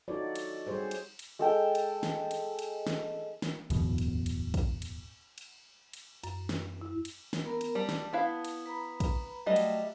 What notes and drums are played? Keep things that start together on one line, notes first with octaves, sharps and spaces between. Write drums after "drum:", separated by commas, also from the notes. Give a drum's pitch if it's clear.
D#4 F4 F#4 A4 C#5 D5
drum: cymbal
G3 G4 G#4 C5 C#5
drum: cymbal
drum: cymbal
G#3 A4 G5
drum: cymbal
drum: snare
drum: cymbal
drum: cymbal
drum: snare
drum: snare
D1 G1 E2 B2, drum: cymbal
drum: cymbal
drum: cymbal
drum: kick, cymbal
drum: cymbal
drum: cymbal
drum: cymbal
F#2, drum: cymbal
drum: snare
E4
drum: cymbal
drum: snare
B3 A#4 A#5
drum: cymbal
G3 A5
drum: snare
B3 E4 F5
drum: cymbal
B4 A#5 B5
drum: kick, cymbal
F#3 G3 A3 D#5 E5 G5
drum: cymbal